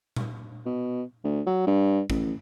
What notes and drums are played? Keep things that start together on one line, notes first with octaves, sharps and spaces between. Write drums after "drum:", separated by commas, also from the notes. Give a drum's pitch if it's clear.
drum: tom A#2
B2
D2
F#3
G2
A1, drum: kick